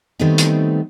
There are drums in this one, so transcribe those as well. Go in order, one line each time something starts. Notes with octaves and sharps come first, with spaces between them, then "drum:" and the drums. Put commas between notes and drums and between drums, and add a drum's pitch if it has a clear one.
D#3 G3 A3 B3 C4 D#4
drum: hi-hat